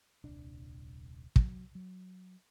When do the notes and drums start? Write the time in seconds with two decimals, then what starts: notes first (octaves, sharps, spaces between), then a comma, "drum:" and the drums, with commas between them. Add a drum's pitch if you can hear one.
0.24 D#1 C2 D4
1.36 F#3, drum: kick
1.75 F#3